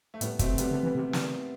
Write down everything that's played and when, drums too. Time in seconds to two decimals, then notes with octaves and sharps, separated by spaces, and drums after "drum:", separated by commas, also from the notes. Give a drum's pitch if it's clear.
0.14 A3
0.21 A2 G3 B3, drum: hi-hat
0.39 B2 A3 C4, drum: kick, hi-hat
0.58 C3 G3 B3, drum: hi-hat
0.71 D3
0.83 E3
0.95 C3
1.13 drum: snare